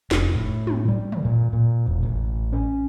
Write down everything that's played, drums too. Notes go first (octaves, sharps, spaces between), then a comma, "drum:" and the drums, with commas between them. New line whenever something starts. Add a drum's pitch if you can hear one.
F1, drum: snare
A2
drum: tom
G3
drum: tom
A#2
A#2
E1
A1
C#4